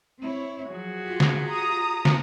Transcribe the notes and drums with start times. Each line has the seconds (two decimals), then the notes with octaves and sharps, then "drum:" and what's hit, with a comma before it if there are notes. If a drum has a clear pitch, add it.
0.20 C4 E4 C#5
0.69 F3 F#3 F#4 G#4
1.04 F4 G4
1.20 drum: snare
1.49 A#5 D#6
2.05 drum: snare